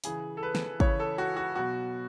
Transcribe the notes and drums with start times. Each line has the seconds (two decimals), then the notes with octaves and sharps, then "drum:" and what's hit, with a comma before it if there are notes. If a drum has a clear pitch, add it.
0.04 C#3 E3 G#4, drum: hi-hat
0.37 A4
0.43 B4
0.55 drum: snare
0.80 C#3 E3 C#5, drum: kick
1.00 A4
1.18 F#4
1.36 F#4
1.55 B2 F#3 F#4